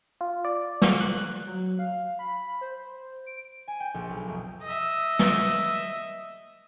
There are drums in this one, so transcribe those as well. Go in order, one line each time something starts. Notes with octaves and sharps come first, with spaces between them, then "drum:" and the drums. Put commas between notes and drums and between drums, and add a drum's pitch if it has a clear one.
F4
D5
drum: snare
F#6
F#3
F5
B5
C5
D7
G#5
G5
A#1
B1
F1
D#5 E5
drum: snare